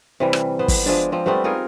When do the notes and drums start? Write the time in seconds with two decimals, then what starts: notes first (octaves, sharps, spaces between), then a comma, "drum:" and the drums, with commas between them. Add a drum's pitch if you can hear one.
0.20 C3 E3 G3
0.33 drum: rim click
0.59 B3 C5
0.68 drum: kick, open hi-hat
0.86 F3 G#3 D4
1.12 F3 C4
1.26 G3 A3 B3 C4
1.44 D#4 F4 G#4 A#4